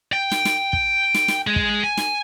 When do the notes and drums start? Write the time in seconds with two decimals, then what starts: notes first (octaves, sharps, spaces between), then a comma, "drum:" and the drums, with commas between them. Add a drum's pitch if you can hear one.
0.13 G5
0.32 drum: snare
0.45 drum: snare
0.73 drum: kick
1.14 drum: snare
1.28 drum: snare
1.47 G#3 G#4
1.56 drum: kick
1.84 G#5
1.97 drum: snare